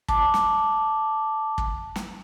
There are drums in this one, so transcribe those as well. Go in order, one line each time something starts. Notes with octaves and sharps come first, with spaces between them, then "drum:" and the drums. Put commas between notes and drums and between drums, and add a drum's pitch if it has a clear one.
A5 D6, drum: kick
drum: snare
drum: kick
drum: snare